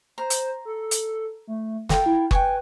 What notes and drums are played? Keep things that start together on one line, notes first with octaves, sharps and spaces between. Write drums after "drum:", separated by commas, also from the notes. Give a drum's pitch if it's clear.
C5 A#5 C6
drum: hi-hat
A4
drum: hi-hat
A3
F4 A4 A#4 G5, drum: snare
E4
B4 G5 G#5 C#6, drum: kick F#1